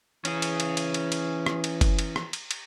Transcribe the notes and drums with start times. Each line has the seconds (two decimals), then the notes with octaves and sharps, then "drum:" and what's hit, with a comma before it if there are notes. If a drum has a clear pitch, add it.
0.25 E3 C#4 G#4, drum: cymbal
0.42 drum: cymbal
0.60 drum: cymbal
0.77 drum: cymbal
0.94 drum: cymbal
1.12 drum: cymbal
1.46 drum: rim click
1.64 drum: cymbal
1.81 drum: kick F#1, cymbal
1.99 drum: cymbal
2.16 drum: rim click
2.33 drum: cymbal
2.51 drum: cymbal